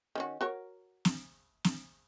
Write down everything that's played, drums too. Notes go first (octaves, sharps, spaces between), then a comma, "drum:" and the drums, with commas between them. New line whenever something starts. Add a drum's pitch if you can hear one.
D#3 C#4 F#4
F#4 A#4 C#5
drum: snare
drum: snare